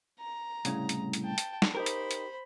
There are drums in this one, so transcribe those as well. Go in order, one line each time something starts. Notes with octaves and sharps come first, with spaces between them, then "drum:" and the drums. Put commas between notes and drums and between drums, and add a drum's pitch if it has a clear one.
A#5
C2 A2 C#3, drum: hi-hat
drum: hi-hat
drum: hi-hat
G5 A5
drum: hi-hat
drum: snare
D#4 G4 A#4 C5 B5
drum: hi-hat
drum: hi-hat